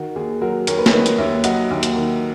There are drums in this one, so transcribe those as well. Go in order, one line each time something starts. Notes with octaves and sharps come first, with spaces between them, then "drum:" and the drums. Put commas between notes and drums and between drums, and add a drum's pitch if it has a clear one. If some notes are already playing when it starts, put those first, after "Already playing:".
Already playing: D#3 F#4
D#2 G#4
F#3 F#4 A#4
D#2 A#4 C#5, drum: hi-hat
B4
C#5, drum: snare
D#3 B4 D#5
drum: hi-hat
D#2 C#5 E5
F#3 D#5 F#5, drum: hi-hat
D#2
drum: hi-hat
D#3